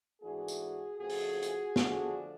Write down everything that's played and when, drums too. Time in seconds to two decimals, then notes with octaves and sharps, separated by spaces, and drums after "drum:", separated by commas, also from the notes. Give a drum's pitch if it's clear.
0.21 G#2 E3 A3 D4 F#4 G#4
0.48 drum: tambourine
0.98 F2 C#3 F3 A3 F#4 G#4
1.10 drum: open hi-hat
1.42 drum: hi-hat
1.76 D3 F3 A3 D4 F#4 G#4, drum: snare